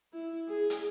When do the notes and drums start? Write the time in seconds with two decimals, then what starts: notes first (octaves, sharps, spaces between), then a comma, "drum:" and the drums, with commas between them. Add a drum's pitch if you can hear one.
0.13 E4
0.49 G#4
0.70 drum: hi-hat